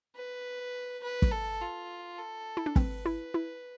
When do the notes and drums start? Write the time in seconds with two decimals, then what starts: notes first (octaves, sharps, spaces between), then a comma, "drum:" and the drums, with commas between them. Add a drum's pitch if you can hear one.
0.16 B4
1.04 B4
1.22 drum: kick
1.32 A4
1.61 F4
2.19 A4
2.57 E4
2.66 D4
2.76 C4 B4, drum: kick
3.06 E4
3.34 E4